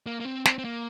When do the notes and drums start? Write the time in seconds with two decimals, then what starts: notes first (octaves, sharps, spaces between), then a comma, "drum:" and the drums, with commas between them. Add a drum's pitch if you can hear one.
0.06 A#3
0.20 A#3
0.25 C4
0.45 C4, drum: snare
0.58 C4
0.65 A#3